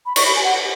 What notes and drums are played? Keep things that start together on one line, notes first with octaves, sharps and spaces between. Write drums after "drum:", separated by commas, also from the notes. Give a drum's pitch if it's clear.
B5
C#6, drum: cymbal
B5
G#5
F#5